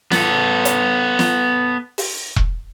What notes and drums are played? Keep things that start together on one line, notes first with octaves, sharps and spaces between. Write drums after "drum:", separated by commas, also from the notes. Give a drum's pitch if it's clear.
B3 A4, drum: snare
drum: hi-hat
drum: snare
drum: open hi-hat
drum: kick E1